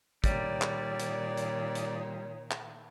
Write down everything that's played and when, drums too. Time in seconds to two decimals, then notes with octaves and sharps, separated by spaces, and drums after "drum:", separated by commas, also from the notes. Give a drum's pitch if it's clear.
0.24 A#2 D#3 G3 C#5 D5, drum: kick, hi-hat
0.62 drum: clap
1.00 drum: hi-hat
1.37 drum: hi-hat
1.75 drum: hi-hat
2.51 drum: clap